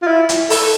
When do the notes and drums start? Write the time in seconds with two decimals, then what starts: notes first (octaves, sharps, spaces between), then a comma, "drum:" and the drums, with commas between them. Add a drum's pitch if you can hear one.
0.02 F4
0.07 E4
0.29 drum: hi-hat
0.50 A4, drum: open hi-hat